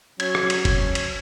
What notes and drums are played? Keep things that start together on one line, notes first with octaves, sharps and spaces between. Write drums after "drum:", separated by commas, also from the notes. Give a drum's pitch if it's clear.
F#3 C#4 G#6, drum: cymbal
drum: rim click
drum: cymbal
drum: kick, cymbal
drum: cymbal